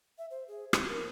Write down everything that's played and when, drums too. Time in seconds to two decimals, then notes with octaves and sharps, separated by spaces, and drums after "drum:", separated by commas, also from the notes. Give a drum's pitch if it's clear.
0.18 E5
0.31 C5
0.48 G#4
0.73 C4, drum: rim click
0.88 A#4